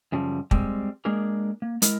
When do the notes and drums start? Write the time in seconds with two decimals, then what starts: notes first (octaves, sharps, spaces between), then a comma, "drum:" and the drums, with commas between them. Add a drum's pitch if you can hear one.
0.12 F#2 C#3 F3 G3
0.51 G3 G#3 C4, drum: kick
1.05 G#3 A#3 D4 G#4 A#4
1.62 A#3
1.82 G#3 E4 A#4, drum: hi-hat